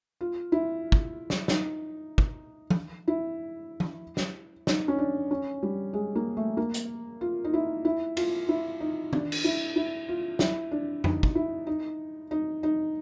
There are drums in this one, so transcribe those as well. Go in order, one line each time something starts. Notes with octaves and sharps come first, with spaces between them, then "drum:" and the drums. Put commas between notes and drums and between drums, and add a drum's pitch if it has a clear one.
F4
E4
drum: kick
drum: snare
D#4, drum: snare
drum: kick
drum: tom F3
E4
drum: tom F3
drum: snare
D#4, drum: snare
C#4
D4
C#4
G3
G#3
A#3
A3
A#3
drum: hi-hat
F4
D#4
E4
E4
F4, drum: cymbal
E4
D#4
D4, drum: tom D#3
drum: cymbal
E4
E4
F4
E4, drum: snare
D4
D#4, drum: tom F2
drum: kick
E4
D#4
D#4
D#4